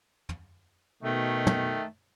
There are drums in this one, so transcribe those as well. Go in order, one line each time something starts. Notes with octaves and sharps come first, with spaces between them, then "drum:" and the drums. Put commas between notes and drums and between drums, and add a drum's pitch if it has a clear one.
drum: tom
B2 D#3 A3
drum: tom